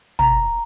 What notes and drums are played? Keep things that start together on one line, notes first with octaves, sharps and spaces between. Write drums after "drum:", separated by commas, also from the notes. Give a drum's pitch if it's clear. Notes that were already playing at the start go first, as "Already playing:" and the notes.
A#5, drum: tom